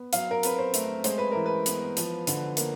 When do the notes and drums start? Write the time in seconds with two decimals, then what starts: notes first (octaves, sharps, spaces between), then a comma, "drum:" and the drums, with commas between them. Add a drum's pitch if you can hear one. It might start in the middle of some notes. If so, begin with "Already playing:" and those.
Already playing: B3
0.13 F#3 F5, drum: hi-hat
0.31 A#4
0.43 C4 B4, drum: hi-hat
0.58 C5
0.74 A3, drum: hi-hat
1.04 G#3 C5, drum: hi-hat
1.18 B4
1.31 E3 A#4
1.46 B4
1.66 B3, drum: hi-hat
1.97 F3, drum: hi-hat
2.27 D3, drum: hi-hat
2.57 A#3, drum: hi-hat